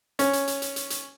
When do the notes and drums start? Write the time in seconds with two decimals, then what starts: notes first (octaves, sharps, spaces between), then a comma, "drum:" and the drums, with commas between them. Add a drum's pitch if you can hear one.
0.19 C#4, drum: hi-hat
0.33 drum: hi-hat
0.47 drum: hi-hat
0.62 drum: hi-hat
0.76 drum: hi-hat
0.90 drum: hi-hat